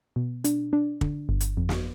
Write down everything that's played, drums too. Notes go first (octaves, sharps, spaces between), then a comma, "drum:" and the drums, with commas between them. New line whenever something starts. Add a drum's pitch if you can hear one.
B2
D4, drum: hi-hat
D4
D3, drum: kick
G1
drum: hi-hat
F2
drum: snare